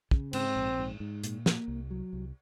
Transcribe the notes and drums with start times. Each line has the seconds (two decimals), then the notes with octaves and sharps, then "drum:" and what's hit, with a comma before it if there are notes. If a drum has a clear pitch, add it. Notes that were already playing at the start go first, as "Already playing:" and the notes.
0.11 C#3, drum: kick
0.33 G#2 C4, drum: cymbal
0.56 A#1
0.79 G#2
1.00 G#2
1.24 A#2, drum: hi-hat
1.46 A#3, drum: snare
1.68 C2
1.91 F#3
2.13 C2